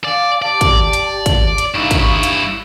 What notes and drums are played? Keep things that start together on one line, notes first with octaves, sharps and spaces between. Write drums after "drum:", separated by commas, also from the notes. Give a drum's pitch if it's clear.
D5 F5 G#5
G4 D5 A5
drum: kick, hi-hat
drum: hi-hat
drum: kick, hi-hat
drum: hi-hat
G2 D#4 E4 F5 C#6
drum: kick, hi-hat
drum: hi-hat